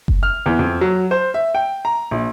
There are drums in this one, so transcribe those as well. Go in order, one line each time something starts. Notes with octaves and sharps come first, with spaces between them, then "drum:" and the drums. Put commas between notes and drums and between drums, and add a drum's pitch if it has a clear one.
drum: kick F#1
F6
E2
F2
F#3
C5
E5
G5
A#5
A#1